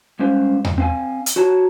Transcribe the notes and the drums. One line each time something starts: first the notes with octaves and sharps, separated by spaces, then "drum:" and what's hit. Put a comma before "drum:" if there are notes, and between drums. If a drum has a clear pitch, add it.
G2 G#3 C#4 C5 F5
drum: tom E2
C4 F5 G#5
drum: hi-hat
F#4 C#5 A5 A#5